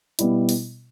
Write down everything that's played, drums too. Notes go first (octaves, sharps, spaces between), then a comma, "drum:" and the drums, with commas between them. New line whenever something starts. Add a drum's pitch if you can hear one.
B2 G3 B3 E4, drum: hi-hat
drum: open hi-hat